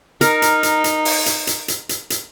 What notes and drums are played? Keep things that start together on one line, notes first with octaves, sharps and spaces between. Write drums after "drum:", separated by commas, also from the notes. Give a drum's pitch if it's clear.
D#4 A#4, drum: hi-hat
drum: hi-hat
drum: hi-hat
drum: hi-hat
drum: open hi-hat
drum: hi-hat
drum: hi-hat
drum: hi-hat
drum: hi-hat
drum: hi-hat